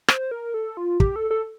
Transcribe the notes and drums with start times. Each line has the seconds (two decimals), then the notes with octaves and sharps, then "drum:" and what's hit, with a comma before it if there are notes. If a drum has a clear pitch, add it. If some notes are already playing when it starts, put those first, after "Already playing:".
0.08 C5, drum: rim click
0.31 A#4
0.54 A4
0.77 F4
1.00 G4, drum: kick
1.16 A4
1.31 A4